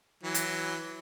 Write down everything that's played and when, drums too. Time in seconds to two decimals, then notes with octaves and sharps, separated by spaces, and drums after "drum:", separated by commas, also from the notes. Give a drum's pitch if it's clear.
0.23 E3 F#3
0.34 drum: hi-hat